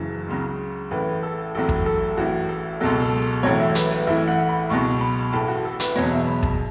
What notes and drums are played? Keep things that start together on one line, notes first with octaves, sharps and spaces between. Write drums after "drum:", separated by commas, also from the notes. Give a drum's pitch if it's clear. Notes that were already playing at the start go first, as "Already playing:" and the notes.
Already playing: F#1 F#2 C#3 E3 F#4
C#2 C#3 F#3
A1 A2 E3 B4
A4
A1 A2 F#3 A4
drum: kick
A4
A1 A2 E3 F#4
A4
C#2 B2 F#3 A4
A4
A1 A2 F#3 C#5
E5
B4, drum: hi-hat
B4
A1 A2 E3 E5
F#5
B5
C#2 B2 F#3 C#6
B5
A1 A2 E3 A5
F#4
A4
B4, drum: hi-hat
E1 E2 B2 F#3 C#5
E5
B5
A5, drum: kick